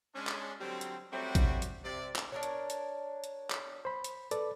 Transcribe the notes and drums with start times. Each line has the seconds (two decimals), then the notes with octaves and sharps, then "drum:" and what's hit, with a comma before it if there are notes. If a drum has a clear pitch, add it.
0.15 G#3 C#4 D4
0.27 drum: clap
0.60 D3 F#3 G3 C4
0.81 drum: hi-hat
1.12 F#3 G3 A3 C4 F#4
1.35 drum: kick A1, hi-hat
1.62 drum: hi-hat
1.84 C3 D5
2.16 drum: clap
2.32 D4 A#4 C#5
2.43 drum: hi-hat
2.70 drum: hi-hat
3.24 drum: hi-hat
3.51 drum: clap
3.85 C5 B5
4.04 drum: hi-hat
4.31 A4 B4 D5, drum: hi-hat